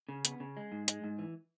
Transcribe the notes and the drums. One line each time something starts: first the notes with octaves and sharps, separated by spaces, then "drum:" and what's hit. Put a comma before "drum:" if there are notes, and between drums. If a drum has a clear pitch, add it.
C#3
B3, drum: hi-hat
C#3
G#3
G#2
G#3, drum: hi-hat
G#2
E3